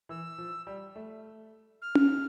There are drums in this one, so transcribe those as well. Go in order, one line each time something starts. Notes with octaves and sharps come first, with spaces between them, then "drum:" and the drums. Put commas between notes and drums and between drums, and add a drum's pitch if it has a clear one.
E3 E6
F3
G3
A3
F6
drum: tom C#4